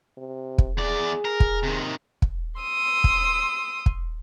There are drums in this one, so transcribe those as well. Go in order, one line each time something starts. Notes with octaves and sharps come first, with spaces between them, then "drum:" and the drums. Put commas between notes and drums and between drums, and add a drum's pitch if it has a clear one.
C3
drum: kick
E2 G#4 D5
A#4
drum: kick
C3 D#3
drum: kick
C6 D#6 E6
drum: kick
drum: kick